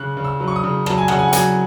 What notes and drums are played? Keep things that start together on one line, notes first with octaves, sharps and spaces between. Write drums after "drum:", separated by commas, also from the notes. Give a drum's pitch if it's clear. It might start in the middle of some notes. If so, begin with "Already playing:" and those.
Already playing: C#3 F#6
C#3
E6
F#3
C#6
D#6
C#3
F#3 A5, drum: rim click
G#5
C#3 F#5, drum: rim click
G#5
F#5
F#3 G#5, drum: hi-hat